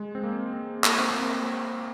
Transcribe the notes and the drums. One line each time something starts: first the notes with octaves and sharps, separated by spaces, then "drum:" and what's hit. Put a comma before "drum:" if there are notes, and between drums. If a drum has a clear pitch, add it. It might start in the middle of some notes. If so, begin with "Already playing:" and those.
Already playing: G#3
C4
A#3
C4
A#3, drum: clap
C4
A#3